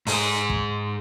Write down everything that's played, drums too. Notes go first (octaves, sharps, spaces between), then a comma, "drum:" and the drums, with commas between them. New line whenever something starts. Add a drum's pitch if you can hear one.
G#2 G#4, drum: open hi-hat
drum: kick